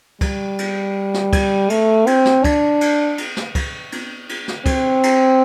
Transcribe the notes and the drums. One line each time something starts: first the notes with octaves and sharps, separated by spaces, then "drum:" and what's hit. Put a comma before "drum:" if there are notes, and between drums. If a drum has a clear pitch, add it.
G3, drum: kick, cymbal
drum: cymbal
drum: snare
drum: kick, cymbal
A3, drum: cymbal
C4, drum: cymbal
drum: snare
D4, drum: kick, cymbal
drum: cymbal
drum: cymbal
drum: snare
drum: kick, cymbal
drum: cymbal
drum: cymbal
drum: snare
C4, drum: kick, cymbal
drum: cymbal